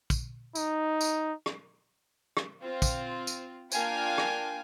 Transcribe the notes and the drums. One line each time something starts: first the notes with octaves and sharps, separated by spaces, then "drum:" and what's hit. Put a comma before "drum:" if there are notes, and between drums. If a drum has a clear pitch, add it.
drum: kick, tambourine
D#4, drum: tambourine
drum: tambourine
drum: rim click
drum: rim click
C4 F4
drum: kick, tambourine
drum: tambourine
A#3 D4 F4 F5 G5 G#5, drum: tambourine
drum: rim click